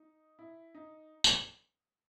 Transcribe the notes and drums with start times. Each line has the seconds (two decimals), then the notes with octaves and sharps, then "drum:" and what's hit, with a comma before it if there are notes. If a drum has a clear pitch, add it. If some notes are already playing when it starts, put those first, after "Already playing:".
Already playing: D#4
0.39 E4
0.75 D#4
1.24 drum: tambourine